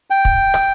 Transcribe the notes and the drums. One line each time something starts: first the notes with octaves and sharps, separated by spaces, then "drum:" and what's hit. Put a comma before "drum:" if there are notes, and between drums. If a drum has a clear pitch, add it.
G5
drum: kick
drum: rim click